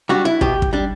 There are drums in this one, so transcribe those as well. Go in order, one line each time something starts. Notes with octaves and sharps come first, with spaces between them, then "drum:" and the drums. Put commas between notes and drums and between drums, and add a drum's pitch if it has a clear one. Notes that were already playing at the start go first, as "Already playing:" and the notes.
G3 D4 F#4
E4
B2 G4, drum: kick
drum: kick
G3 D4